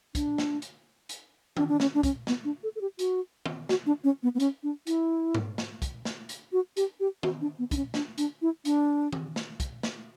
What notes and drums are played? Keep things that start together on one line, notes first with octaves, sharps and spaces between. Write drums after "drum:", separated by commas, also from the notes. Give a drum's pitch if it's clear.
D4, drum: kick, hi-hat
drum: snare
drum: hi-hat
drum: hi-hat
D4, drum: tom D#3
D4
C#4, drum: snare
D4
C#4, drum: kick, hi-hat
B3, drum: snare
D4
A4
A4
G4
F#4, drum: hi-hat
drum: tom D#3
F#4, drum: snare
D4
C#4
B3
B3
C#4, drum: hi-hat
D4
E4, drum: hi-hat
drum: tom G#2
drum: snare
drum: kick, hi-hat
drum: snare
drum: hi-hat
F#4
G4, drum: hi-hat
G4
F#4, drum: tom D#3
D4
B3
D4, drum: kick, hi-hat
C#4
D4, drum: snare
D4, drum: hi-hat
E4
D4, drum: hi-hat
drum: tom D#3
drum: snare
drum: kick, hi-hat
drum: snare